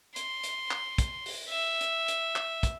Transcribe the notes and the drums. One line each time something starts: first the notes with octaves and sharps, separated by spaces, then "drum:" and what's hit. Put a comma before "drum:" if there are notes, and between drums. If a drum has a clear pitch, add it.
C6, drum: hi-hat
drum: hi-hat
drum: clap
drum: kick, hi-hat
drum: open hi-hat
E5
drum: hi-hat
drum: hi-hat
drum: clap
drum: kick, hi-hat